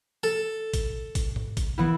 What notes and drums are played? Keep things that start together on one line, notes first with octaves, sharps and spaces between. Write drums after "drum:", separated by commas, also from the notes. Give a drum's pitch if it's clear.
A4
drum: kick, hi-hat
drum: kick, hi-hat
drum: tom G#2
drum: kick, hi-hat
E3 B3 E4